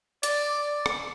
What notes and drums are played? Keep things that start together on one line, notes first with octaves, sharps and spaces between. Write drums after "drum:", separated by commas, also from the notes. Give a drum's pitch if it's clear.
D5, drum: hi-hat
drum: rim click